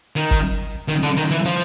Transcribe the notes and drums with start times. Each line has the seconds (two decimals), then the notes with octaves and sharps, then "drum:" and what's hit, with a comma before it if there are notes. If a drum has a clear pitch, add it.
0.16 D#3
0.31 drum: kick G1
0.88 D#3
1.03 D3
1.17 D#3
1.31 E3
1.45 F3